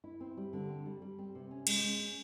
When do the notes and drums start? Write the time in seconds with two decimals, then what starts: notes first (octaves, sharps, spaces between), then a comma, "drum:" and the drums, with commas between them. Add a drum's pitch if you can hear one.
0.04 E4
0.20 C4
0.37 G3
0.53 D3
0.69 C4
0.86 G3
1.02 G3
1.18 C4
1.35 C3
1.51 C#4
1.67 G#3, drum: cymbal
1.84 C#4
2.00 C#4